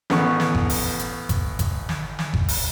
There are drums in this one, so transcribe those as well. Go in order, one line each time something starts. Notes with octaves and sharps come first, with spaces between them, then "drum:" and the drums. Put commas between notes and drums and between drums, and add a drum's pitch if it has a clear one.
A1 B3 C#6, drum: snare
drum: snare
drum: kick G1
drum: open hi-hat
drum: hi-hat
drum: kick G1, hi-hat
drum: kick G1, hi-hat
drum: snare
drum: snare
drum: kick G1
drum: open hi-hat